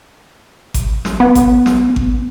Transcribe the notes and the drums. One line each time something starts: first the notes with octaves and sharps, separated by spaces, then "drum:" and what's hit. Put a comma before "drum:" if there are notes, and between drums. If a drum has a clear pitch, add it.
drum: kick G#1, hi-hat
drum: snare
B3
drum: kick G#1, hi-hat
drum: snare
drum: kick G#1